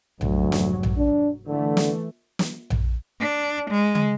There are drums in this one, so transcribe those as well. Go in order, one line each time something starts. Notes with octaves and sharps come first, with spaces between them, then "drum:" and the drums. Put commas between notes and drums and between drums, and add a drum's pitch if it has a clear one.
F1 D2 G#2 F#3, drum: tom A#1
drum: snare
drum: tom A#1
D4
D3 E3 A3
drum: snare
drum: snare
drum: tom A#1
D4
G#3
drum: tom